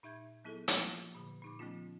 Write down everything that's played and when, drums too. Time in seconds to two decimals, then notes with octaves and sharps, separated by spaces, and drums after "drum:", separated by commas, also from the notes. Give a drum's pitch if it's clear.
0.03 A#2 D#4 E5 G6 G#6
0.44 F#3 B3 E4 G#4 A4
0.68 F3 G3 A#3 F4 G4, drum: hi-hat
1.15 A#2 D3
1.42 A#2 D#4 D6
1.59 F3 A3 B3 C#4 F4